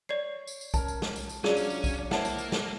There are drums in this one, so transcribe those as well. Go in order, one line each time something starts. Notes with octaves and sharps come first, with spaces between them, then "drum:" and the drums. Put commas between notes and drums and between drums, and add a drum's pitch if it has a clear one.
C#5 D5 G#6 C7
drum: tambourine
drum: tambourine
C#4 A#4 A5, drum: kick B1, tambourine
drum: tambourine
drum: snare
drum: tambourine
drum: tambourine
F#3 C#4 D4 F4 G#4 D5, drum: snare
drum: tambourine
drum: tambourine
drum: kick B1, tambourine
A#3 E4 C5 C#5 F#5 A5, drum: snare
drum: tambourine
drum: tambourine
drum: snare